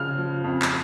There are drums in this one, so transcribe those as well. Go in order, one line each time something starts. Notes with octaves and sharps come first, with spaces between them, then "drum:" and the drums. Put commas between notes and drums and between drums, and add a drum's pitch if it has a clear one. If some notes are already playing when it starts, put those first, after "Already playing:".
Already playing: C#3 F3 F6
F3
F2
drum: clap